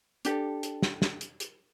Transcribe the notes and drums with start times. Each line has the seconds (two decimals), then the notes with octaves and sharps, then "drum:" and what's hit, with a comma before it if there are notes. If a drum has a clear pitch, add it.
0.25 D4 G4 A4, drum: hi-hat
0.63 drum: hi-hat
0.82 drum: snare
1.02 drum: snare
1.21 drum: hi-hat
1.40 drum: hi-hat